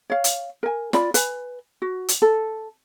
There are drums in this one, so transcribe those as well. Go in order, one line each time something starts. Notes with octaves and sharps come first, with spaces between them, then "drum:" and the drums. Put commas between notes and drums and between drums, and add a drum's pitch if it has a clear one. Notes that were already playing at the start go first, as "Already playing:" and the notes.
C#5 F5
drum: hi-hat
A#4 G#5
F4 D5 B5, drum: snare
B4 G#5, drum: hi-hat
F#4
drum: hi-hat
A4